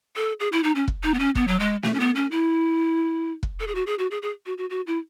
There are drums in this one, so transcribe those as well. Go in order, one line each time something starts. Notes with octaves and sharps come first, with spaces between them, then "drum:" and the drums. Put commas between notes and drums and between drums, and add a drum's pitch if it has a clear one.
A4
G#4
E4
D#4
C#4
drum: kick
D#4
B3
C#4
B3, drum: kick
F#3
G#3
A3, drum: snare
C#4
B3
C#4
E4
drum: kick
A4
G#4
F#4
G#4
F#4
G#4
G#4
F#4
F#4
F#4
E4